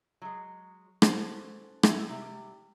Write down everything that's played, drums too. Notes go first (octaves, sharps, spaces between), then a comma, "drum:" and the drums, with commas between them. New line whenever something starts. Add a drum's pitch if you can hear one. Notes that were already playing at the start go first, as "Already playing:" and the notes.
F#3 G#3
C#4 F#4 A4 C5, drum: rim click
C4 C#4 E4, drum: rim click
C3 G3